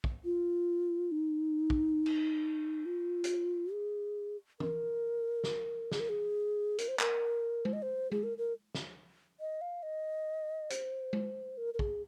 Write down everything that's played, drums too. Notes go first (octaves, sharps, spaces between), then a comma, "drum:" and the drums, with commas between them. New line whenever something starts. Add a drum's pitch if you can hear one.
drum: kick
F4
D#4
drum: kick
drum: cymbal
F4
drum: hi-hat
G#4
A#4, drum: tom
drum: snare
G#4, drum: snare
A#4
G#4
A#4, drum: hi-hat
C5
A#4, drum: clap
C5, drum: tom
D#5
C5
G#4, drum: tom
A#4
A#4
drum: snare
D#5
F5
D#5
C5, drum: hi-hat
drum: tom
A#4
A#4
G#4, drum: kick